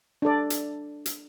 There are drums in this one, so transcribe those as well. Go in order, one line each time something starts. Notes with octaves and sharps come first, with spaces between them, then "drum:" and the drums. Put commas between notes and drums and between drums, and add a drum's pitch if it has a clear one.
D4 A4 D5
drum: hi-hat
drum: hi-hat